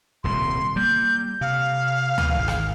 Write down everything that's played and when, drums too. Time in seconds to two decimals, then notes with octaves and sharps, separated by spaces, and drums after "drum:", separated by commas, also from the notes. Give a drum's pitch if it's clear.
0.24 D#1 C2 A2 C6
0.76 G3 A#3 G6
1.41 C3 F5
2.18 E3, drum: tom D2
2.38 G#1
2.48 drum: rim click